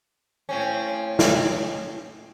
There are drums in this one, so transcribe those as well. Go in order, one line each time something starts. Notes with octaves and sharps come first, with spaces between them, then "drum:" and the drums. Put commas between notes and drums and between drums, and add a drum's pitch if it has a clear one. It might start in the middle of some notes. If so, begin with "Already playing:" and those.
A2 C4 C#4
drum: snare